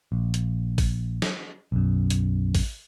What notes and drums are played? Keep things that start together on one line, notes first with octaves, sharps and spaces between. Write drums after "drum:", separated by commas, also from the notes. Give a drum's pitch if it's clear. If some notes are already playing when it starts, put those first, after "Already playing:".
A#1
drum: hi-hat
drum: kick A1, open hi-hat
drum: snare
B1 F#2
drum: hi-hat
drum: kick A1, open hi-hat